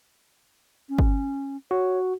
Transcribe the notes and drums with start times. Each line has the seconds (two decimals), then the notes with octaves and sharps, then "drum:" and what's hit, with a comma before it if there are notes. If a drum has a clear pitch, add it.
0.89 C#4
0.99 drum: kick G1
1.71 F#4 C#5